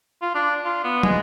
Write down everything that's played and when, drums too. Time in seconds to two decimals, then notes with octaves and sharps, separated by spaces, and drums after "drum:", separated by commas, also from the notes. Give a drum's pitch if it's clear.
0.22 F4
0.35 D4
0.64 F4
0.84 B3
1.03 G#3, drum: tom